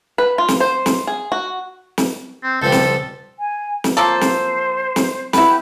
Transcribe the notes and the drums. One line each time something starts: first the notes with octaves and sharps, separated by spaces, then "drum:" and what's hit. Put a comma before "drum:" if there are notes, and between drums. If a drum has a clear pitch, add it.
B4
F4
drum: snare
C5
drum: snare
G#4
F#4
drum: snare
C4
C#2 F3 G3 A4
drum: snare
G#5
drum: snare
F3 A#3 A4 C5
drum: snare
drum: snare
E4 B4 F#5, drum: snare
G4